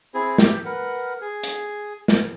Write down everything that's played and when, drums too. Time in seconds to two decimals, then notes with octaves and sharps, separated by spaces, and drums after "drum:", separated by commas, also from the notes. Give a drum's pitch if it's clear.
0.14 C4 E4 G#4
0.38 G4 E5 G5, drum: snare
0.65 A#4 B4 F#5
1.21 G#4
1.43 drum: hi-hat
2.08 drum: snare